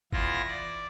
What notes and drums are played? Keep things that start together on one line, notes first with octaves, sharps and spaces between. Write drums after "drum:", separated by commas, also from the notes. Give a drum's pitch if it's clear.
E2 E4 F4 A#6, drum: kick
D5